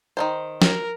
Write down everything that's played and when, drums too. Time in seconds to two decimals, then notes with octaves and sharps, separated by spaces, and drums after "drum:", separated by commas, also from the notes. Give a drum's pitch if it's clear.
0.17 D#3 A#3 C5
0.62 A#4, drum: snare